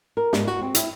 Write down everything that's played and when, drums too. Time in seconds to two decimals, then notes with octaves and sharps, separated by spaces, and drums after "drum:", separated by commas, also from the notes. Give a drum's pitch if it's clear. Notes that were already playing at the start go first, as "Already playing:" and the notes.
0.17 A#4
0.33 G#2, drum: snare
0.47 F#4
0.61 C4
0.75 E4, drum: hi-hat